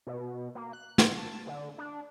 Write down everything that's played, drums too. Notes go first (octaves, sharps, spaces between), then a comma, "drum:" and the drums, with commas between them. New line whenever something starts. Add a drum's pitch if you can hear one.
B2
A#3
F#6
C6, drum: snare
A5
D3
D4